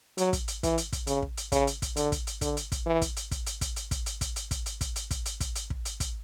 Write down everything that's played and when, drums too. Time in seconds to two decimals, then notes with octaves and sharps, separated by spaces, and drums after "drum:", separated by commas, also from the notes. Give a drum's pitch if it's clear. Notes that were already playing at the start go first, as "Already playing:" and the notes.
0.18 F#3, drum: hi-hat
0.33 drum: kick, hi-hat
0.48 drum: hi-hat
0.63 E3, drum: kick, hi-hat
0.78 drum: hi-hat
0.92 drum: kick, hi-hat
1.07 C#3, drum: hi-hat
1.22 drum: kick
1.37 drum: hi-hat
1.52 C#3, drum: kick, hi-hat
1.67 drum: hi-hat
1.82 drum: kick, hi-hat
1.96 D3, drum: hi-hat
2.12 drum: kick, hi-hat
2.27 drum: hi-hat
2.41 D3, drum: kick, hi-hat
2.57 drum: hi-hat
2.72 drum: kick, hi-hat
2.86 E3
3.02 drum: kick, hi-hat
3.16 drum: hi-hat
3.31 drum: kick, hi-hat
3.46 drum: hi-hat
3.61 drum: kick, hi-hat
3.76 drum: hi-hat
3.91 drum: kick, hi-hat
4.06 drum: hi-hat
4.21 drum: kick, hi-hat
4.36 drum: hi-hat
4.51 drum: kick, hi-hat
4.66 drum: hi-hat
4.81 drum: kick, hi-hat
4.96 drum: hi-hat
5.11 drum: kick, hi-hat
5.25 drum: hi-hat
5.40 drum: kick, hi-hat
5.55 drum: hi-hat
5.70 drum: kick
5.85 drum: hi-hat
6.00 drum: kick, hi-hat